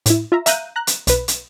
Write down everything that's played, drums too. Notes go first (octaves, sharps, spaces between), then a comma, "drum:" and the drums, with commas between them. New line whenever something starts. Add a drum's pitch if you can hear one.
A2 E4, drum: hi-hat
F4 E5 A#5
E5 F5 A#5 F#6 G6 D#7, drum: hi-hat
A#5 F#6
drum: hi-hat
B1 B4, drum: hi-hat
drum: hi-hat